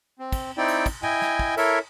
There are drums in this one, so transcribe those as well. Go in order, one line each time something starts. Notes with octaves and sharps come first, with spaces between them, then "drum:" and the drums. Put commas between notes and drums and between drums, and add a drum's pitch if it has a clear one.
C4
drum: kick, cymbal
C4 D#4 E4 D5 G5
drum: cymbal
drum: kick, cymbal
E4 D#5 G5 G#5, drum: tom
drum: snare
drum: kick
E4 A4 A#4 C#5 E5, drum: cymbal